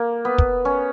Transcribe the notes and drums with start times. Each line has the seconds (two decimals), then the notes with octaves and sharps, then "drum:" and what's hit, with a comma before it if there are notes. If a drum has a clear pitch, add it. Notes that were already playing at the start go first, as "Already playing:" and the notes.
Already playing: A#3
0.25 B3
0.38 drum: kick
0.65 C#4